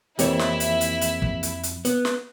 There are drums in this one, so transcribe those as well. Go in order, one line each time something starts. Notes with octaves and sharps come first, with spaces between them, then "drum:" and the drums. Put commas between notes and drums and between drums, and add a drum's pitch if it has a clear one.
F2 E3 A#3 C4 E4 G4 C#5, drum: hi-hat
drum: snare
drum: hi-hat
drum: hi-hat
drum: hi-hat
drum: kick
drum: hi-hat
drum: hi-hat
B3, drum: hi-hat
drum: snare